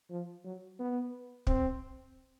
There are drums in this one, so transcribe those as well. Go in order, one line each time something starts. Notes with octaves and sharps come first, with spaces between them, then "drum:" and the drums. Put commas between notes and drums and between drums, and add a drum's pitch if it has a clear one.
F3
F#3
B3
C4, drum: kick